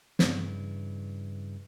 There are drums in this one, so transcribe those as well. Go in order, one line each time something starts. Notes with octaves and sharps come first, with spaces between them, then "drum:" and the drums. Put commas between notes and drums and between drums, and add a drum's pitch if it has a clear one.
G2 C#3 E3, drum: snare